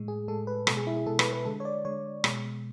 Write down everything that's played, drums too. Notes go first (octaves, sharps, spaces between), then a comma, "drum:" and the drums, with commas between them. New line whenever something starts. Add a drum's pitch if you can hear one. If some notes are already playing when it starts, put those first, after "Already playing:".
Already playing: A2 G#3
G#4
A2 G#3 A4
B4
B2 G#3 A4, drum: rim click
G#4
E4
G#4
B2 G#3 A4
B4, drum: rim click
B4
D3 G#3 A4
C#5
D5
D3 G#3 C#5
B2 G#3, drum: rim click